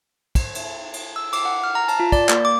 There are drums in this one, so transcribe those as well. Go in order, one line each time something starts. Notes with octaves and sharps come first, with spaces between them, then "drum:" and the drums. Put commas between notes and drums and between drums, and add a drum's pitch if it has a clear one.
drum: kick, cymbal
drum: cymbal
drum: cymbal
E6
D6, drum: cymbal
F#5
F6
A#5
A5, drum: cymbal
F4
D5, drum: kick, cymbal
A#3, drum: clap
D6